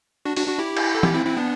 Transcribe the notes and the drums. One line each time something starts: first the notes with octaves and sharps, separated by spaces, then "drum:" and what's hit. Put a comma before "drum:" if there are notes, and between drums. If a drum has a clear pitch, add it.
D4 F#4
D4 F#4, drum: open hi-hat
D4 F#4
E4 G4
drum: cymbal
A4
E4 G4, drum: tom E3
C4 E4
C4 E4
B3 D4